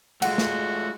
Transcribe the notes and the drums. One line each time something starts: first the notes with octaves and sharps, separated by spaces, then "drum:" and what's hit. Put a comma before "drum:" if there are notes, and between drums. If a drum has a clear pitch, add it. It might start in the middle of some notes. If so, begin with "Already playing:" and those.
G#3 A3 F4 F#4 F#5, drum: cymbal
drum: snare